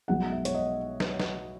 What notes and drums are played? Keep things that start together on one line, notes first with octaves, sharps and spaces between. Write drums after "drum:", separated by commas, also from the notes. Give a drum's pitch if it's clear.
B1 B2 G#3 F#5
E5
C#5, drum: hi-hat
D#5
B4, drum: snare
C#5
B4, drum: snare